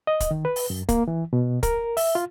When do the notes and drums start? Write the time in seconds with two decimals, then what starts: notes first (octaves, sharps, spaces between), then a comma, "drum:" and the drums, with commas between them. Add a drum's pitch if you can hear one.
0.07 D#5
0.20 drum: kick, hi-hat
0.31 D#3
0.45 B4
0.56 drum: open hi-hat
0.70 F#2
0.89 A#3, drum: kick, hi-hat
1.08 E3
1.33 B2
1.63 A#4, drum: kick, hi-hat
1.97 E5, drum: open hi-hat
2.15 F4